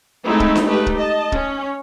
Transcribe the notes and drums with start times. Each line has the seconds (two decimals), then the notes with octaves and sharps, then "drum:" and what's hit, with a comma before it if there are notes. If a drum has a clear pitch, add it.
0.25 G#3 A3 C4 D#4 E4
0.40 drum: kick
0.56 drum: snare D4
0.67 A3 D#4 G4 B4
0.86 drum: kick
0.98 D#5 A5
1.32 C#4, drum: kick